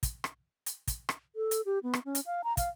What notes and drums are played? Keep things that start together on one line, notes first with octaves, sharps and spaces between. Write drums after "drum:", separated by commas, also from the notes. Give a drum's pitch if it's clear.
drum: kick, hi-hat
drum: rim click
drum: hi-hat
drum: kick, hi-hat
drum: rim click
A4
drum: hi-hat
G4
B3
drum: rim click
C#4
drum: hi-hat
F5
A#5
F5, drum: kick, hi-hat